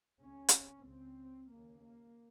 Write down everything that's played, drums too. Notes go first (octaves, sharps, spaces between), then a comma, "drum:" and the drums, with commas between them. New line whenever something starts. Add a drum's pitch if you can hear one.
C#2 C#3 C#4
drum: hi-hat
C#2 C#3 C4
D#2 C#3 A#3
A#3